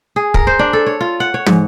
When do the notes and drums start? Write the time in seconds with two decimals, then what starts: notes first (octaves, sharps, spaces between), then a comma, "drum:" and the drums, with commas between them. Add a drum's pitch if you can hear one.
0.16 G#4
0.34 A#4, drum: kick
0.47 C5
0.59 D4
0.73 A4
0.86 C#5
1.01 F4
1.20 F#5
1.34 C#5
1.46 G#2, drum: tom